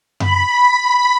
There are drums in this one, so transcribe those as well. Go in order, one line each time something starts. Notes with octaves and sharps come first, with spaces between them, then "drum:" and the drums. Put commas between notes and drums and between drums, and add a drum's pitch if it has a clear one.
B5, drum: tom F#2